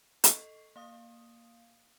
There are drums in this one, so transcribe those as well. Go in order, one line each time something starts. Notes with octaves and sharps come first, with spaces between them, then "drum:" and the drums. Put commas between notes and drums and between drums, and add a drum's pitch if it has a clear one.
A4 D#5 C#6 C7, drum: hi-hat
A#3 F5 D#6